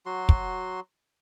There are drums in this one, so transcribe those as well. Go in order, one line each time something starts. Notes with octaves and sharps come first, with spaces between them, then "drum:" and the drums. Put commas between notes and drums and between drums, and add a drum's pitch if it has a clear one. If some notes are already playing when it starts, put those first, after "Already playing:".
F#3 F#4 C6
drum: kick